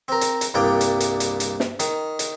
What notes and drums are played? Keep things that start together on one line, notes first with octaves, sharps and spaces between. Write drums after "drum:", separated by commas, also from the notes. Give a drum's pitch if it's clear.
C4 A#4
drum: hi-hat
drum: hi-hat
C2 G2 A#3 D5 G5
drum: hi-hat
drum: hi-hat
drum: hi-hat
drum: hi-hat
drum: snare
D#3, drum: hi-hat
drum: hi-hat